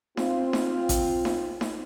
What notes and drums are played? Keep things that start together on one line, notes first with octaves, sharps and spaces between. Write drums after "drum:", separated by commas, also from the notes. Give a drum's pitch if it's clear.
C4 F4, drum: snare D#4
drum: snare D#4
drum: kick A1, hi-hat
drum: snare D#4
drum: snare D#4